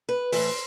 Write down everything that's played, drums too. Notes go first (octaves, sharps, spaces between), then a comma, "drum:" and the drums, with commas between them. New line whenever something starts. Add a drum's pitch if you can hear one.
B4
A2 E3 C5, drum: open hi-hat